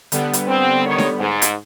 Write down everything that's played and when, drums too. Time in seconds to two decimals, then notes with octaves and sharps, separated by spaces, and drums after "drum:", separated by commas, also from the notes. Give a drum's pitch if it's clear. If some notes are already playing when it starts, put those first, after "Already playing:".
0.12 D3 G3 B3, drum: hi-hat
0.33 drum: hi-hat
0.48 C4
0.85 D#3 C#5
0.98 drum: snare D4
1.19 G#2
1.42 drum: hi-hat